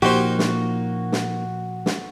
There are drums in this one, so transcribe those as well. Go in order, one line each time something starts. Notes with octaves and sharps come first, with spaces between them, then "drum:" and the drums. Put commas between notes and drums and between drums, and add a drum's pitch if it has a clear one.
A#2 F3 A#3 D#4 F#4 G4 C5
drum: snare
drum: snare
drum: snare